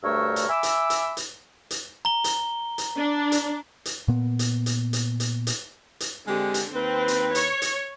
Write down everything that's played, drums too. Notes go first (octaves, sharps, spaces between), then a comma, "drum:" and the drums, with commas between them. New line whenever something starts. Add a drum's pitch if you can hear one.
D2 G2 A3 A#4 C#5 E6
drum: hi-hat
E5 G#5 B5 D6 E6
drum: hi-hat
drum: hi-hat
drum: hi-hat
drum: hi-hat
A#5 G7
drum: hi-hat
drum: hi-hat
D4
drum: hi-hat
drum: hi-hat
A#2 B3
drum: hi-hat
drum: hi-hat
drum: hi-hat
drum: hi-hat
drum: hi-hat
drum: hi-hat
D3 G#3 C4 G4
drum: hi-hat
D#2 C4 B4
drum: hi-hat
C#5, drum: hi-hat
drum: hi-hat